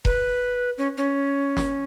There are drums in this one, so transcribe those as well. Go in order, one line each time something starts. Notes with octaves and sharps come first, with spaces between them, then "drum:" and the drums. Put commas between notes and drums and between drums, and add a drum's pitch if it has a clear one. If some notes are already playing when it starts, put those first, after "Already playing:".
B4, drum: kick E1
C#4
C#4
drum: snare